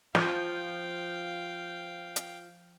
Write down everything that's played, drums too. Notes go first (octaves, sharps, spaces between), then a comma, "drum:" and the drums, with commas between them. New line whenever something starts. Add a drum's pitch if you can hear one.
F3 F5 G5, drum: snare
drum: hi-hat